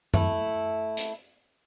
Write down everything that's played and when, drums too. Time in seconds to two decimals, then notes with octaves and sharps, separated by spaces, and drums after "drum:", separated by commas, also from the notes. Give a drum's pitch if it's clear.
0.14 A3 E4, drum: tom F#2
0.97 drum: hi-hat